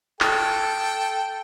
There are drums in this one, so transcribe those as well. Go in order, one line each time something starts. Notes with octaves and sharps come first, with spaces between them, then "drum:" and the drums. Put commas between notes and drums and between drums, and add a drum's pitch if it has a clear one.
A4 G5, drum: clap